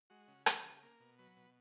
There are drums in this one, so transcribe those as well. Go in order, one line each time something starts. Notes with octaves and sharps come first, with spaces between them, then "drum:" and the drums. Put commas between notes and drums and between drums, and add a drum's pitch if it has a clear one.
G#3 F#4
C#3
E3 G4, drum: rim click
C#3
A#3 A#4
B2
F#3 B4
B2